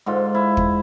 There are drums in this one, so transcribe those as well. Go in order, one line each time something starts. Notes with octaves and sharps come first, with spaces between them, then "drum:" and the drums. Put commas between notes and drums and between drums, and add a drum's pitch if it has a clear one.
G#2 D3 F4
E4
drum: kick